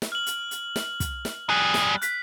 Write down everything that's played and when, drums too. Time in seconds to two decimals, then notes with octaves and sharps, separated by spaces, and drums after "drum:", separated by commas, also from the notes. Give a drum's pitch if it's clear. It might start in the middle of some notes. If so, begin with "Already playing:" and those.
0.02 drum: snare
0.12 F6 F#7
0.26 drum: hi-hat
0.51 drum: hi-hat
0.76 drum: snare
1.00 drum: kick, hi-hat
1.25 drum: snare
1.49 G3 G#4 F#6
1.74 drum: snare
2.02 F#6 B6, drum: hi-hat